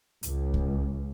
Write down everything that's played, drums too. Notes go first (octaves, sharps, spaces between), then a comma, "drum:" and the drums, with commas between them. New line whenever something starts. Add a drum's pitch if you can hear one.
C#2, drum: hi-hat
drum: kick C2